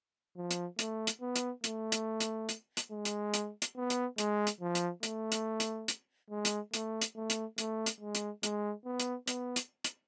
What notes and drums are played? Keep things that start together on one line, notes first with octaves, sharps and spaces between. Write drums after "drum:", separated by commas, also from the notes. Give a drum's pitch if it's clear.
F3
drum: hi-hat
A3, drum: hi-hat
drum: hi-hat
B3
drum: hi-hat
A3, drum: hi-hat
drum: hi-hat
drum: hi-hat
drum: hi-hat
drum: hi-hat
G#3
drum: hi-hat
drum: hi-hat
drum: hi-hat
B3
drum: hi-hat
G#3, drum: hi-hat
drum: hi-hat
F3
drum: hi-hat
A3, drum: hi-hat
drum: hi-hat
drum: hi-hat
drum: hi-hat
G#3
drum: hi-hat
A3, drum: hi-hat
drum: hi-hat
A3
drum: hi-hat
A3, drum: hi-hat
drum: hi-hat
G#3
drum: hi-hat
G#3, drum: hi-hat
B3
drum: hi-hat
B3, drum: hi-hat
drum: hi-hat
drum: hi-hat